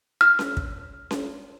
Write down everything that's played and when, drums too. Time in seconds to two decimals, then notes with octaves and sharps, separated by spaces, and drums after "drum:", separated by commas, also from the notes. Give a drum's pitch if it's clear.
0.21 F6
0.39 drum: snare C#4
0.57 drum: kick
1.11 drum: snare C#4